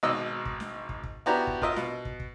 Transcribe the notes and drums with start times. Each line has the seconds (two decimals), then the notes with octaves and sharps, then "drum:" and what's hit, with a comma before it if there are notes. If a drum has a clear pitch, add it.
0.03 G#1 B2 D5 D#5 E6
0.45 drum: kick
0.60 drum: snare
0.89 drum: kick
1.04 drum: kick
1.26 B3 D4 E4 F#4 G4 A#5
1.47 drum: kick
1.62 F4 A#4 D#5 E5, drum: kick
1.76 B2, drum: snare
2.05 drum: kick
2.20 drum: kick